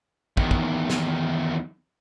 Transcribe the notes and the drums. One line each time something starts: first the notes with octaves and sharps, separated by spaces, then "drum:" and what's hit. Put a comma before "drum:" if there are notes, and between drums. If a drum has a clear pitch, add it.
E2 D#3, drum: kick
drum: kick
drum: snare